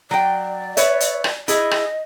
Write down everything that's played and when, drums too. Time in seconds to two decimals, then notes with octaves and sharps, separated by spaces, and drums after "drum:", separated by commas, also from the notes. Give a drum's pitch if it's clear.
0.11 F#3 D5 G5
0.77 B4 C#5 E5, drum: hi-hat
1.00 drum: hi-hat
1.24 drum: rim click
1.48 E4 G#4 D#5, drum: hi-hat
1.71 drum: rim click